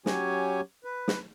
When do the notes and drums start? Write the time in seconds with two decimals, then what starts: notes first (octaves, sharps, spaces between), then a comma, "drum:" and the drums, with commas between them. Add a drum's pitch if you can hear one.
0.06 F#3 C#4 G4 C#5 G#5, drum: snare
0.84 B4
1.08 drum: snare